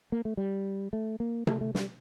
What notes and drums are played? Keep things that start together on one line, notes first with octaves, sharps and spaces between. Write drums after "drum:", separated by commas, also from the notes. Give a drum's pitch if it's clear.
A#3
A3
G3
A3
A#3
A3, drum: tom C3
A3
G3, drum: snare